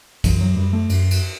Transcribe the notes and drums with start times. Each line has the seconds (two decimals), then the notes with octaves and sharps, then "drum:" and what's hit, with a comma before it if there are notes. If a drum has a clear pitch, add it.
0.24 F#2 E3, drum: kick, cymbal
0.41 F#3
0.56 F#2 G3
0.73 A3
0.89 F#2, drum: cymbal
1.11 drum: cymbal